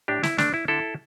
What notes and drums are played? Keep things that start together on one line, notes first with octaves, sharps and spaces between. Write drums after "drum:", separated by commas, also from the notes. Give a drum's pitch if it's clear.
A2 D4 G4
E4, drum: snare
A3 D4, drum: snare
E4
D3 E4 A4